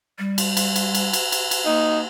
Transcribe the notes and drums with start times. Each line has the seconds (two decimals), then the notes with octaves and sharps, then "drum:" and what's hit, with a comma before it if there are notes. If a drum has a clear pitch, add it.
0.19 G3
0.38 drum: cymbal
0.57 drum: cymbal
0.76 drum: cymbal
0.95 drum: cymbal
1.13 drum: cymbal
1.32 drum: cymbal
1.51 drum: cymbal
1.66 A#3 D#4